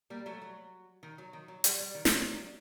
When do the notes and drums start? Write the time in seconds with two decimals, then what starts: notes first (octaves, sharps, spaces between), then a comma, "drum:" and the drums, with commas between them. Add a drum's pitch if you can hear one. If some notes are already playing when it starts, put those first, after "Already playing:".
0.10 G3 A#3
0.26 F#3 A3
0.42 F#3
1.03 D#3
1.18 F#3
1.33 D#3
1.48 F#3
1.64 G3, drum: hi-hat
1.80 G3
1.95 D#3
2.05 F#3, drum: snare
2.15 D#3
2.26 F#3
2.36 G3